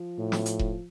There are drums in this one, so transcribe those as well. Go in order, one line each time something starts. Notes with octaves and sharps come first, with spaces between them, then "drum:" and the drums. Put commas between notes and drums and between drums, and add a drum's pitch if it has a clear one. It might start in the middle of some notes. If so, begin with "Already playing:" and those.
Already playing: F3
A2
drum: snare
drum: hi-hat
drum: kick E1